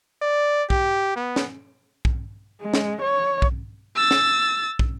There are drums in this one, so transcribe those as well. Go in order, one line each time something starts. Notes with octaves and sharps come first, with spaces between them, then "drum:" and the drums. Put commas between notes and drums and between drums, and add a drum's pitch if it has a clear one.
D5
G4, drum: kick
B3
drum: snare
drum: kick
G#3
drum: snare
C#5
drum: kick
E6 A6
drum: snare
drum: kick